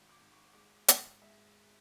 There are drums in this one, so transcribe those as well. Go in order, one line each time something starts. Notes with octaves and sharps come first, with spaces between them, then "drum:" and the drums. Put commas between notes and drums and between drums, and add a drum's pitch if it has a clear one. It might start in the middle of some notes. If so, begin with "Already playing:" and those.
Already playing: G#1
D6
G#2
C#6
G#3 D6
G#2 C#6, drum: hi-hat
G#3 E5